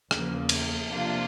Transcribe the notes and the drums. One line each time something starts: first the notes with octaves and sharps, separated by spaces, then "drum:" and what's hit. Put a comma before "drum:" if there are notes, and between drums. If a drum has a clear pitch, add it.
E2 C#3 F3 A#3, drum: rim click
drum: cymbal
C3 F3 A#3 D4 F4